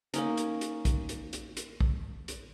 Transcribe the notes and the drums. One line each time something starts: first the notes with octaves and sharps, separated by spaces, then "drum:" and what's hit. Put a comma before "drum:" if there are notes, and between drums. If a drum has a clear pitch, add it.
A#3 C#4 D#4, drum: hi-hat
drum: hi-hat
drum: hi-hat
drum: kick, hi-hat
drum: hi-hat
drum: hi-hat
drum: hi-hat
drum: kick
drum: hi-hat